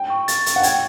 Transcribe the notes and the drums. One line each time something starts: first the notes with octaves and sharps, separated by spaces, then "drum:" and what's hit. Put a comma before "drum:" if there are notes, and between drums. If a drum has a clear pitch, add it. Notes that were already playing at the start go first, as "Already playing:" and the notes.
Already playing: G5
C#6
A6, drum: hi-hat
A6, drum: hi-hat
F#5
G5 G#6, drum: hi-hat